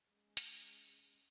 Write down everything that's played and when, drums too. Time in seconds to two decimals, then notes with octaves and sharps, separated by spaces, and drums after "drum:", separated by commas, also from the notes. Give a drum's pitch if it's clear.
0.11 G#3 C#4
0.37 drum: hi-hat